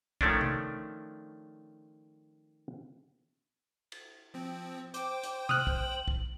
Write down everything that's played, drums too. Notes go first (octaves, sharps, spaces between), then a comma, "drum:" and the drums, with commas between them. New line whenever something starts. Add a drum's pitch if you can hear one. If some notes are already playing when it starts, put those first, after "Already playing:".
D#3 F3 A3 C#4 D4, drum: kick
drum: tom C3
drum: cymbal
F3 C4
C5 G5 D6, drum: hi-hat
drum: hi-hat
D#6 F6 F#6 F#7, drum: tom C3
drum: kick
drum: kick